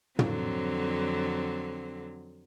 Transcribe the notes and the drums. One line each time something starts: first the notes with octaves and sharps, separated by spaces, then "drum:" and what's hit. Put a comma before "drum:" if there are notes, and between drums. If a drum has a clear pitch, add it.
F2 D3 F#3 C4, drum: tom